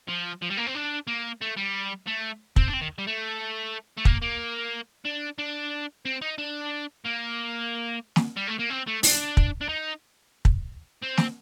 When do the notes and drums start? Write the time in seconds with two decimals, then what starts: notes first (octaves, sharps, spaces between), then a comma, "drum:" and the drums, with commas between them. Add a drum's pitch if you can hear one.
0.08 F3
0.42 F3
0.50 G3
0.57 A#3
0.66 C4
0.75 D4
1.07 A#3
1.41 A3
1.57 G3
2.07 A3
2.56 C4, drum: kick
2.68 D4
2.73 C4
2.81 D#3
2.98 G3
3.07 A3
3.98 A3
4.05 A#3, drum: kick
4.22 A#3
5.05 D4
5.39 D4
6.05 C4
6.22 D#4
6.38 D4
7.05 A#3
8.16 drum: snare
8.36 G3
8.47 A3
8.59 A#3
8.70 C4
8.87 A3
9.03 D4, drum: open hi-hat
9.37 drum: kick
9.61 D4
9.69 D#4
10.45 drum: kick
11.02 C4
11.17 drum: snare